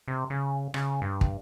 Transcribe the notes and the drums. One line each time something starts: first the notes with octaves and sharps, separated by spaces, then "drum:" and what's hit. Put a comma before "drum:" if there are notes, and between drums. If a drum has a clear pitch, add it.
C3
C#3
C#3, drum: rim click
G2
drum: kick